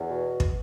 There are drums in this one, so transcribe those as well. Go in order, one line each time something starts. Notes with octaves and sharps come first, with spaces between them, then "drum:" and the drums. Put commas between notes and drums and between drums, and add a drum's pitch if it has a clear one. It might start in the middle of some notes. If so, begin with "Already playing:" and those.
Already playing: E2
B2
drum: kick